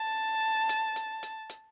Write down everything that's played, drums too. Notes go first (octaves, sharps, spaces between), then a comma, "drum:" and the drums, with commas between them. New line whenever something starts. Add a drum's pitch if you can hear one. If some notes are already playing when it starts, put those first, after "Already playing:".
Already playing: A5
drum: hi-hat
drum: hi-hat
drum: hi-hat
drum: hi-hat